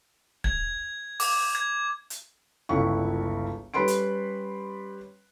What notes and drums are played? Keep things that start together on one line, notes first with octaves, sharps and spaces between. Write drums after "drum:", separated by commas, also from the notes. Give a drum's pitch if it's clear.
G#6, drum: kick
D6, drum: open hi-hat
G#6
drum: hi-hat
G1 C#2 C#3 E4 C#6
G3 C#4 B4 B5 C6 D7
drum: hi-hat